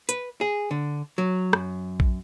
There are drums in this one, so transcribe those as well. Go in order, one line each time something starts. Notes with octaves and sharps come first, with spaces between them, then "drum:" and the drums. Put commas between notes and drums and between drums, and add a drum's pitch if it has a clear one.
B4, drum: hi-hat
G#4
D3
F#3
F#2, drum: rim click
drum: kick A#1